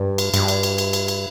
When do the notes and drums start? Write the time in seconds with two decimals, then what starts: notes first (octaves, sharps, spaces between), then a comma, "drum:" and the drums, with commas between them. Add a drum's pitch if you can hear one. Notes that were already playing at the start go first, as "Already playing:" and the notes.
Already playing: G2
0.18 drum: cymbal
0.34 G2, drum: cymbal
0.48 drum: cymbal
0.63 drum: cymbal
0.78 drum: cymbal
0.93 drum: cymbal
1.08 drum: cymbal